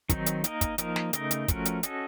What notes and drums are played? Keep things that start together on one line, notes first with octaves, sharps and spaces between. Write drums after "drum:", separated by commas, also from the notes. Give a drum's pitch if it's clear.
D#3 F#3 C4 D#4, drum: kick, hi-hat
drum: hi-hat
A#3 D#4 A#4 D#5, drum: hi-hat
drum: kick, hi-hat
F3 A#3 D#4 A#4 D#5, drum: hi-hat
drum: snare
C#3 A3 D#4 A#4 D#5, drum: hi-hat
drum: hi-hat
F3 A3 C#4 F#4 A#4, drum: kick, hi-hat
drum: hi-hat
C#4 F#4 A4 D#5, drum: hi-hat